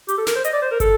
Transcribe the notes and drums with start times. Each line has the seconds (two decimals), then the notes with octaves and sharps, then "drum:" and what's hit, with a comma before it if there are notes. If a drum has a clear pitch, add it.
0.09 G4, drum: hi-hat
0.18 A4
0.27 A#4, drum: snare
0.35 C5
0.44 D#5, drum: hi-hat
0.53 D5
0.62 C5
0.71 A#4
0.80 A4, drum: kick, hi-hat